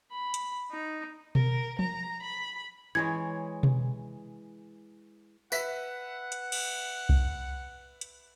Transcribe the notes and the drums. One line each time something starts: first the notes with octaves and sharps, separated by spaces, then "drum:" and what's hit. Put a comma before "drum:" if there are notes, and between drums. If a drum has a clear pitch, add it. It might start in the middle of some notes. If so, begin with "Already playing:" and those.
B5
drum: hi-hat
D#4
A#4, drum: tom B2
A#5, drum: tom F3
B5
E3 G#3 C#5 G#6
drum: tom B2
B4 E5 F#5 B6, drum: tambourine
drum: hi-hat
drum: cymbal
drum: kick C2
drum: hi-hat